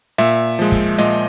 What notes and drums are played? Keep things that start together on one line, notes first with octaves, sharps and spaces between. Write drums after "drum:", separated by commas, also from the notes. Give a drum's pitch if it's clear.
A#2 E5, drum: snare
F3 G#3
drum: kick
A#2 D#5, drum: snare